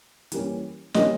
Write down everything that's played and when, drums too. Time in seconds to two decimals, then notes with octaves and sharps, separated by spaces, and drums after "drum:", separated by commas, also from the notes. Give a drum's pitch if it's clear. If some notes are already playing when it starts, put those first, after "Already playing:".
0.32 E3 G3 A#3 C#4, drum: hi-hat
0.94 E3 G3 A#3 C#4 D#5, drum: snare